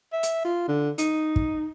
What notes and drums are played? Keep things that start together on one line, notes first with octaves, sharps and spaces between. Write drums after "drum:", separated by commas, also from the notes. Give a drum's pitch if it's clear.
E5
drum: hi-hat
F4
D3
D#4, drum: hi-hat
drum: kick